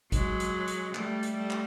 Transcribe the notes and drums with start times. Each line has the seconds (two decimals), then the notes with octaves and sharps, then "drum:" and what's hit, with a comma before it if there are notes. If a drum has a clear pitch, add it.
0.12 F#3 G#3, drum: kick G#1, hi-hat
0.40 drum: hi-hat
0.68 drum: hi-hat
0.95 G3 A3, drum: clap
1.23 drum: hi-hat
1.36 G3 A3
1.50 drum: clap